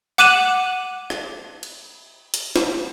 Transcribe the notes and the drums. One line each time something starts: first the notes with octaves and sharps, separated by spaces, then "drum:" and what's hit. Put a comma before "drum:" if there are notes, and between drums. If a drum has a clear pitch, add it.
F#5 D6 F#6 D#7 E7 F#7
drum: rim click
drum: cymbal
drum: hi-hat
drum: snare